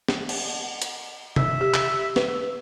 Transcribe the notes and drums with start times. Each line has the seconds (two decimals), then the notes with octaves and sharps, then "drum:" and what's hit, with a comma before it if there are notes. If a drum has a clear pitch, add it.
0.08 drum: snare
0.29 drum: cymbal
0.82 drum: hi-hat
1.36 E5, drum: tom C3
1.61 G4
1.74 drum: clap
2.16 B4, drum: snare